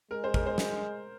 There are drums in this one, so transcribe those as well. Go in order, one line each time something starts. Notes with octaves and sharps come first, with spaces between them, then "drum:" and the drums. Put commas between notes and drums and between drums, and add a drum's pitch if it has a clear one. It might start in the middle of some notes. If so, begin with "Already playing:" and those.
G#3 A#4
C5
A#4, drum: kick
C5
drum: snare